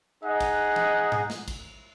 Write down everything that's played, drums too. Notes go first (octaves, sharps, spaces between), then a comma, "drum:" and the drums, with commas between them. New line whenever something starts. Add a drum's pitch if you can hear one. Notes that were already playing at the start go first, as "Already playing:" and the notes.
D#4 G#4 D#5 F#5
drum: kick, cymbal
drum: tom E3
drum: tom G#2
drum: snare
drum: kick, cymbal